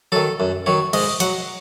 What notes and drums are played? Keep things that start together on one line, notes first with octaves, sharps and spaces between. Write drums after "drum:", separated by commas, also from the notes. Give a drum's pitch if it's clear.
D#3 F#3 A4
F#2
D#3 F#3 C#5
G#2 D#5, drum: cymbal
F#3 F#5, drum: hi-hat